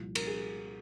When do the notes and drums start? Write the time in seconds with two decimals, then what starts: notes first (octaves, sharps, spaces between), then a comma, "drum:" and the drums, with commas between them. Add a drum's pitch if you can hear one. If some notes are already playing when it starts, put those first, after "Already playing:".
Already playing: C2 A#2 F3
0.15 A#4, drum: cymbal
0.27 G#4